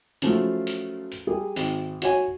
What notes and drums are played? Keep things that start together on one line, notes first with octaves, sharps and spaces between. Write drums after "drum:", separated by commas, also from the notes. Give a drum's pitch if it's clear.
C#3 F3 F#3 A3, drum: hi-hat
drum: hi-hat
drum: hi-hat
G3 G#4
G#1, drum: open hi-hat
F#4 C#5 G#5, drum: hi-hat